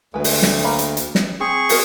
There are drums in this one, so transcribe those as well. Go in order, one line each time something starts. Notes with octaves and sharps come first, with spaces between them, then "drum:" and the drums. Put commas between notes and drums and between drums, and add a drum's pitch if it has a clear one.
D2 G#3 B4
drum: open hi-hat
drum: snare
A#3 A#5 B5
drum: hi-hat
drum: hi-hat
drum: snare
C4 G#4 C#6
B3 F#4 A#4, drum: open hi-hat